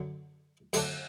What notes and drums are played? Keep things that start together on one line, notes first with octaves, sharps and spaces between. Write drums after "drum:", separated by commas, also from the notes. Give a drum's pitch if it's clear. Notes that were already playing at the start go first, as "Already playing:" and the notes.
Already playing: F#2 D3 F#3
F#2 D3 F#3 A3 D4, drum: cymbal